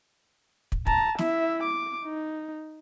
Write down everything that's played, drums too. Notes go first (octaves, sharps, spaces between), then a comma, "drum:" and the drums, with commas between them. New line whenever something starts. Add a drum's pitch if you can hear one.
drum: kick
A5 A#5, drum: kick
E4 E5, drum: snare
D6
D#4